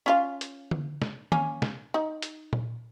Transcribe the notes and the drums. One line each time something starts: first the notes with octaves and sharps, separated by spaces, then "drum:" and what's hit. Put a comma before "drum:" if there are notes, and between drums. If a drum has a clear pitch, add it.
C#4 F4 F5
drum: hi-hat
drum: tom D3
drum: snare
A#3 C#4 G#5, drum: tom D#3
drum: snare
D#4
drum: hi-hat
drum: tom A#2